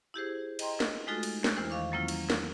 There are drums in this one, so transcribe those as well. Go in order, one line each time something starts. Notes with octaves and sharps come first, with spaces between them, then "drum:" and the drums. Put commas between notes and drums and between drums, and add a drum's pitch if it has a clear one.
E4 G4 G#4 C5
D#5 G5 A#5 C6, drum: cymbal
drum: snare
G#3 A3 D#4 F4 F#4 A4
drum: cymbal
drum: snare
E2 E3 E4 C5 F6
D#3 F5 C#6 D6
F#3 G3 A#3 C#4 E4 F4
drum: cymbal
drum: snare